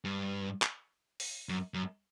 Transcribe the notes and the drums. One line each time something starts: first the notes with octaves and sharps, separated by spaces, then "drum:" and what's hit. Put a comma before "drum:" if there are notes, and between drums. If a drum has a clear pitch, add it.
G2
drum: clap
drum: open hi-hat
F#2
F#2